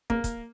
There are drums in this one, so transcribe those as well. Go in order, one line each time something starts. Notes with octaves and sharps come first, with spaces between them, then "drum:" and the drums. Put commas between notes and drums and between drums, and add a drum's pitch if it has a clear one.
A#3, drum: kick
drum: kick, hi-hat